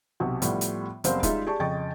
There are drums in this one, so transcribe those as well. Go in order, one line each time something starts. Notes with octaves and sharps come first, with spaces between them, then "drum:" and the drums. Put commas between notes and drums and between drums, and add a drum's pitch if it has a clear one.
B1 C3 F#4
A2 F3 G3 B3, drum: hi-hat
drum: hi-hat
F#1 G3 B3 C4 C5 F5, drum: hi-hat
G3 G#3 D#4 F4 G#4 E5, drum: kick, hi-hat
G4 G#4 D5 A5 C#6
F2 C#3 D#5 G5 C#6 A6